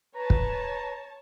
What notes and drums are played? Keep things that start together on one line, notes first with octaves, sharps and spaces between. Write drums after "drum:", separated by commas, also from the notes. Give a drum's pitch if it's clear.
B4 C#5 A5 A#5
drum: kick